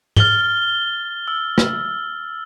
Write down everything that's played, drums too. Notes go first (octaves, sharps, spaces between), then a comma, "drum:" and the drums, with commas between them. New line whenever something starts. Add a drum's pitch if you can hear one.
F6 A6 G7, drum: tom
E6
drum: rim click